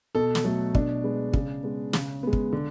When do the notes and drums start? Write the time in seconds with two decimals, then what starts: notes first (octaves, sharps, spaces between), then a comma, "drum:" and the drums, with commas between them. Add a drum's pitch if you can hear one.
0.15 B2 A4
0.35 drum: snare
0.44 F#3 A3 A4
0.75 B2 D4, drum: kick
1.04 G#3 B3
1.33 C#3, drum: kick
1.63 G#3 B3
1.93 C#3, drum: snare
2.23 G#3 B3
2.33 drum: kick
2.53 D3